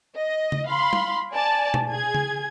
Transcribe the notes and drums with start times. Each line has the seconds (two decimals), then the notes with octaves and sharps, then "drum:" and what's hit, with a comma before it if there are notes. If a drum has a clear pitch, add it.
0.16 D#5
0.52 drum: tom C#3
0.68 F5 B5 C6
0.93 drum: tom
1.33 D5 G#5 A5
1.74 drum: tom B2
1.91 G#4 G#6
2.15 drum: tom C#3